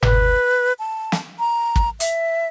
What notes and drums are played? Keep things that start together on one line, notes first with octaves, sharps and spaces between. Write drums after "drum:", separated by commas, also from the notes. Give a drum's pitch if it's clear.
B4, drum: tom G1
A5
drum: snare
A#5
drum: kick
E5, drum: hi-hat